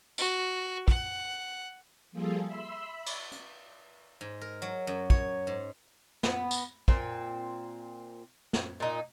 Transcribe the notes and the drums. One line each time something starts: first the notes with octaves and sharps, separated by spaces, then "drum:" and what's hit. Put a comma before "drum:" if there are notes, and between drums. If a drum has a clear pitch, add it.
F#4, drum: tambourine
F#5, drum: kick
F3 G3 A#3 F4 G#4 A4
E5 B5 C6 E6
E5 B5
drum: cymbal
drum: hi-hat
G#2
A#4
F#3
F#2
C#5, drum: kick
G#2
B3, drum: snare
drum: tambourine
A#2 C4, drum: kick
drum: snare
A#2 D#4